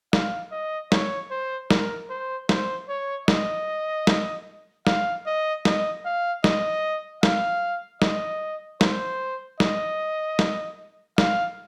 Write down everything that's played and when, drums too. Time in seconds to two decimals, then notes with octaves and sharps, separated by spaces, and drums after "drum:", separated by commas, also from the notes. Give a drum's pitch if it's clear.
0.13 F5, drum: snare
0.52 D#5
0.92 C#5, drum: snare
1.31 C5
1.71 A#4, drum: snare
2.10 C5
2.49 C5, drum: snare
2.89 C#5
3.28 D#5, drum: snare
4.07 drum: snare
4.87 F5, drum: snare
5.26 D#5
5.65 D#5, drum: snare
6.05 F5
6.44 D#5, drum: snare
7.23 F5, drum: snare
8.02 D#5, drum: snare
8.81 C5, drum: snare
9.60 D#5, drum: snare
10.39 drum: snare
11.18 F5, drum: snare